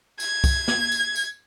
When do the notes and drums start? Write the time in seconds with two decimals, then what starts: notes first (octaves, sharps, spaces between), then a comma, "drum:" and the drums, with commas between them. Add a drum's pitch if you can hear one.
0.20 G#6, drum: tambourine
0.44 drum: kick, tambourine
0.68 drum: snare
0.92 drum: tambourine
1.16 drum: tambourine